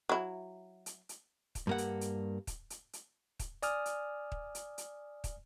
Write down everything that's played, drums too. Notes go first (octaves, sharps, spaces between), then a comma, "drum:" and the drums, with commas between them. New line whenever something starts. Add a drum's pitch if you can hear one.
F#3 E4
drum: hi-hat
drum: hi-hat
drum: kick, hi-hat
G2 A#3 F#5
drum: hi-hat
drum: hi-hat
drum: kick, hi-hat
drum: hi-hat
drum: hi-hat
drum: kick, hi-hat
D5 G#5 D#6 F6, drum: hi-hat
drum: hi-hat
drum: kick
drum: hi-hat
drum: hi-hat
drum: kick, hi-hat